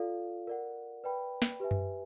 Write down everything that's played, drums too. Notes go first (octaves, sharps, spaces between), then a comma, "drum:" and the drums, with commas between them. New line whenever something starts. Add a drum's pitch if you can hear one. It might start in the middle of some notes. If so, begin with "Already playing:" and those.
Already playing: F4 A4 D5 F5
A#4 D5 F#5
B4 D5 G5 B5
drum: snare
G4 B4 E5 G#5
drum: tom F#2